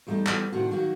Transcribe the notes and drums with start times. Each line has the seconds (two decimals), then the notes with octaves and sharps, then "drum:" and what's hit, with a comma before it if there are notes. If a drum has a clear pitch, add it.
0.07 E2 G3 A3 B3 D#4
0.27 E3 G3 B3, drum: clap
0.52 A2 C3 D#3 D4 F#4
0.71 D#3 F#3 A#3 F#4